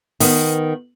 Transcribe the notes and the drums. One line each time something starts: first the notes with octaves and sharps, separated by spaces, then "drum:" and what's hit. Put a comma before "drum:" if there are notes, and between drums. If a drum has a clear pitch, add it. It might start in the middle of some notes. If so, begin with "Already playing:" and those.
D#3 B3, drum: open hi-hat